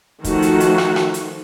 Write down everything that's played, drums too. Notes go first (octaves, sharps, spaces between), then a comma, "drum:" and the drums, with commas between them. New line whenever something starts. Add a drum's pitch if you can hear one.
D#3 F3 A3 F#4, drum: kick, hi-hat
drum: hi-hat
drum: hi-hat
drum: rim click
drum: rim click
drum: hi-hat